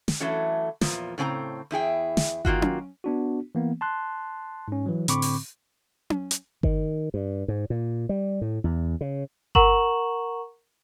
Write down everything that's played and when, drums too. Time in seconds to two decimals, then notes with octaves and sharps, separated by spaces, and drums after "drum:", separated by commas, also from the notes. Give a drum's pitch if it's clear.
0.08 drum: snare
0.20 E3 F#3 A3 C#4
0.81 E2 A#2 F3, drum: snare
1.18 A2 C#3 C4 G#5 A#5
1.71 E2 E4 G#4 G5
2.17 drum: snare
2.45 D#3 A#3 F4 F#4, drum: kick G1
2.62 drum: tom C#4
3.04 B3 D4 F#4
3.55 E3 A#3 B3
3.81 A5 C6 F#6
4.68 G#2 C#4
4.86 E3 F#3
5.08 A2 D3 C4 B5 C#6 D6, drum: hi-hat
5.22 drum: open hi-hat
6.10 drum: tom C#4
6.31 drum: hi-hat
6.63 D#3, drum: kick G1
7.14 G2
7.48 G#2
7.70 A#2
8.09 G3
8.41 A2
8.64 E2
9.01 C#3
9.55 A#4 F#5 A#5 C#6 E7 F#7, drum: kick G1